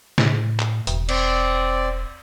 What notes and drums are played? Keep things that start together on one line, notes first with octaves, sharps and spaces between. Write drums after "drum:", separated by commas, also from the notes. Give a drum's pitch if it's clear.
A2, drum: snare
drum: clap
E1, drum: hi-hat
C4 D5, drum: cymbal